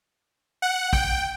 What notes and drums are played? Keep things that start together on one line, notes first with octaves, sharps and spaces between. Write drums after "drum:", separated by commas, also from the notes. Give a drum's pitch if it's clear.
F#5
G5, drum: kick